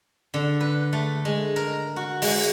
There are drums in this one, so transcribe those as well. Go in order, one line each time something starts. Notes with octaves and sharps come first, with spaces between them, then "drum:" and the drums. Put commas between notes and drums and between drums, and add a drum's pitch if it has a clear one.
D3
B4
A3
G#3
A#4
F#4
G#3, drum: open hi-hat